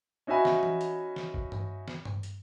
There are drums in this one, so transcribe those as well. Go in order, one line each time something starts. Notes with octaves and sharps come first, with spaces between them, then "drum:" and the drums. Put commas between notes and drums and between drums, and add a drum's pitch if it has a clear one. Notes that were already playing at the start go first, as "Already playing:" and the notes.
C#4 D#4 F#4 E5 G#5 B5
drum: snare
drum: tom E3
drum: hi-hat
drum: snare
drum: kick A1
drum: tom G2
drum: snare
drum: tom G2
drum: hi-hat